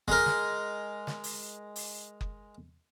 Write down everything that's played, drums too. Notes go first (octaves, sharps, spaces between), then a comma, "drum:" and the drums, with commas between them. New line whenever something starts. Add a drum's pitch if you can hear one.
G#3 A#4, drum: kick F#1
drum: snare
drum: snare
drum: open hi-hat
drum: open hi-hat
drum: kick F#1